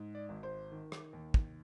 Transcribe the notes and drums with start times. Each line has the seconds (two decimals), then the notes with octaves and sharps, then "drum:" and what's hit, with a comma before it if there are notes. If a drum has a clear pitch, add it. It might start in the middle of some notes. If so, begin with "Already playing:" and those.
Already playing: G#2
0.15 D5
0.29 G#1
0.43 C5
0.71 D#3
0.92 drum: rim click
1.13 D#2
1.34 drum: kick